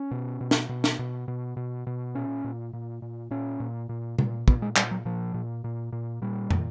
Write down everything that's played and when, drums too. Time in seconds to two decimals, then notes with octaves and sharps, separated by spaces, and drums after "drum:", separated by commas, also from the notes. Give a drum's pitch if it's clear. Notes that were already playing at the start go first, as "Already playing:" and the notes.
Already playing: C#4
0.11 B2
0.41 B2
0.51 drum: snare
0.69 B2
0.84 drum: snare
0.99 B2
1.28 B2
1.57 B2
1.87 B2
2.15 A#2 C#4
2.44 A#2
2.73 A#2
3.02 A#2
3.31 A#2 C#4
3.60 A#2
3.89 A#2
4.19 A#2, drum: tom C3
4.48 A#2 B3, drum: kick
4.62 G#3
4.76 A#2 G3, drum: clap
4.91 F#3
5.05 A#2 F3
5.34 A#2
5.64 A#2
5.92 A#2
6.22 A#2 G3
6.51 A#2, drum: tom